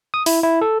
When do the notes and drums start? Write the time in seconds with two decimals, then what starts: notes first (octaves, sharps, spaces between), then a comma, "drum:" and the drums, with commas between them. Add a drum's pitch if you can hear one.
0.14 D#6
0.26 E4, drum: open hi-hat
0.43 E4
0.61 A4